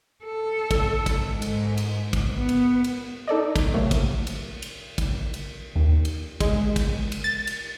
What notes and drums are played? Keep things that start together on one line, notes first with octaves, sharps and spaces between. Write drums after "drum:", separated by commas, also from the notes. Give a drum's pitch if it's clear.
A4
drum: kick, cymbal
drum: kick, cymbal
G#2
drum: cymbal
drum: cymbal
drum: kick, cymbal
B3
drum: cymbal
drum: cymbal
D#4 A4 D5 D#5
drum: kick, cymbal
C3 F#3 A3 A#3
drum: kick, cymbal
drum: cymbal
drum: cymbal
drum: kick, cymbal
drum: cymbal
D#2
drum: cymbal
G#3, drum: kick, cymbal
drum: kick, cymbal
drum: cymbal
A6
drum: cymbal